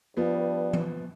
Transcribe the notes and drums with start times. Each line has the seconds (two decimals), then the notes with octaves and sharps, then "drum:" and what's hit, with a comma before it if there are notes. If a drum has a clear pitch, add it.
0.17 G2 F3 B3
0.73 drum: tom E3